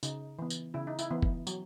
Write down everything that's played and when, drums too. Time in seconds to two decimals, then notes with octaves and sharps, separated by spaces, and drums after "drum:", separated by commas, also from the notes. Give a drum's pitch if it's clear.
0.03 C#3 D#4, drum: tambourine
0.39 E3 B3
0.50 drum: tambourine
0.74 C#3 E4
0.87 D#4
0.99 E4, drum: tambourine
1.11 E3 B3
1.22 drum: kick F1
1.47 F#3, drum: tambourine